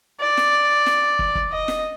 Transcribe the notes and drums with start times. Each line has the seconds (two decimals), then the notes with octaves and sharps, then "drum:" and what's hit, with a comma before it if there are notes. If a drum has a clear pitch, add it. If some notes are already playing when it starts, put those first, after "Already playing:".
0.21 D5
0.37 drum: snare
0.86 drum: snare
1.19 drum: kick
1.35 drum: kick
1.51 D#5
1.68 drum: snare